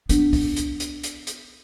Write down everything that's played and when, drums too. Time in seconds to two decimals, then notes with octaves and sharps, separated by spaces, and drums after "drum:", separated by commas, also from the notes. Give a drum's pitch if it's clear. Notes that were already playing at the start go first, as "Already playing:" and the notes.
0.09 B3 D4, drum: hi-hat
0.33 drum: kick, open hi-hat
0.56 drum: hi-hat
0.80 drum: hi-hat
1.03 drum: hi-hat
1.27 drum: hi-hat